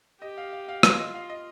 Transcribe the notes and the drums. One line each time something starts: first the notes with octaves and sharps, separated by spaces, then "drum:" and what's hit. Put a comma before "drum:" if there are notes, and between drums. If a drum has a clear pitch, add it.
G4 D#5
F5
F5
F5
F4 F5, drum: rim click
D#5
F5
D#5